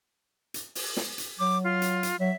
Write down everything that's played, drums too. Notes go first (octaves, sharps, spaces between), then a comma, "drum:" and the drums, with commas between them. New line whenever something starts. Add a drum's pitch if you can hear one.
drum: hi-hat
drum: open hi-hat
drum: snare
drum: hi-hat
F#3 D6
F4
drum: hi-hat
drum: hi-hat
F#3 E5